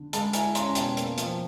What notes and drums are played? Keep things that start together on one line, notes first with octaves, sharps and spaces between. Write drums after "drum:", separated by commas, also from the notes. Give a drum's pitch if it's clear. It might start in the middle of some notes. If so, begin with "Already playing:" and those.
Already playing: D3
G#3 A5 B5, drum: hi-hat
E4 G#5 A#5, drum: hi-hat
C#4 A#5 C6, drum: hi-hat
A#5
B2 G5 A5, drum: hi-hat
A#3, drum: hi-hat
F3, drum: hi-hat